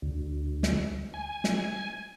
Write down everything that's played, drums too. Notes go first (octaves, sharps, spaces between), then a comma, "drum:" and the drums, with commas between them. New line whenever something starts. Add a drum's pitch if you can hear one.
D2
drum: snare
G#5
drum: snare